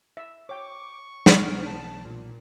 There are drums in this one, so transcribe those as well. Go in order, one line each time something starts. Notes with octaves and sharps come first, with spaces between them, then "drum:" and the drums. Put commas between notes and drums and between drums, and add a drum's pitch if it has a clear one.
E5
C#5 G5 C#6 D6
B1 E3 B3 C#4 F6, drum: snare
A5
A#2